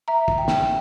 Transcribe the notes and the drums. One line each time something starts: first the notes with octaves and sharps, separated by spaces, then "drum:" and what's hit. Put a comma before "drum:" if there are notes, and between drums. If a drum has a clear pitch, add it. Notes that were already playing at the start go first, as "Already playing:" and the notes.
E5 A#5
drum: kick
G5
drum: snare